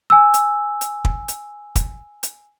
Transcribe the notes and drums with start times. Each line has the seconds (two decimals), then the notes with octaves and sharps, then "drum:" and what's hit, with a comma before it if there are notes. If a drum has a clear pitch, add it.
0.10 G#5 E6
0.34 drum: hi-hat
0.81 drum: hi-hat
1.05 drum: kick
1.28 drum: hi-hat
1.76 drum: kick, hi-hat
2.23 drum: hi-hat